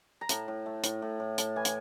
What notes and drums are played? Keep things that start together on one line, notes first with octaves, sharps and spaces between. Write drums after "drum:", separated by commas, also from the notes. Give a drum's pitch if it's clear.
A#5
A2 A5, drum: hi-hat
A2
A3
A2, drum: hi-hat
A2
A2
A2 A5, drum: hi-hat
E3 G#5
drum: hi-hat